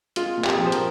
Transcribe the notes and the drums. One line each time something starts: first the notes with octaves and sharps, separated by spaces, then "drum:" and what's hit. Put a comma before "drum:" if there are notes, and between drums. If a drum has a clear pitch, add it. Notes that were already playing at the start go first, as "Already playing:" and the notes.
G#3 F4, drum: hi-hat
A#2
G4, drum: clap
G#4
F3 G4
C5
A#4, drum: hi-hat